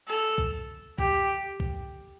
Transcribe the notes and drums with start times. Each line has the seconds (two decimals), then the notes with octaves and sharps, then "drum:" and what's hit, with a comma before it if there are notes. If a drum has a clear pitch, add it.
0.08 A4
0.38 drum: kick
0.99 G4, drum: kick
1.60 drum: kick